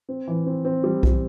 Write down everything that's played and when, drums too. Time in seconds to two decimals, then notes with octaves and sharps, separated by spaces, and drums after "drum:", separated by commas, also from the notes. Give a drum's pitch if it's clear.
0.09 C4
0.27 E3
0.46 C4
0.65 C4
0.84 G3
1.03 G3, drum: kick B1